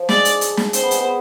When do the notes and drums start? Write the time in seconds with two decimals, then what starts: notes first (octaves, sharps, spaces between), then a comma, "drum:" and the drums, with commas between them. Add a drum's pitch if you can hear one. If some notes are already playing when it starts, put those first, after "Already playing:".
Already playing: F3
0.09 G#3 D5, drum: snare
0.25 drum: hi-hat
0.41 drum: hi-hat
0.57 drum: snare
0.73 C4 C5, drum: hi-hat
0.82 B3
0.91 G#3, drum: hi-hat
0.99 B3